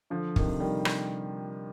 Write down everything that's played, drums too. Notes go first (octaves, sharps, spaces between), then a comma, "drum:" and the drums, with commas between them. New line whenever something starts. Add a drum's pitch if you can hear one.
D3 F3
C3 D#3, drum: kick
D#3 G3
drum: rim click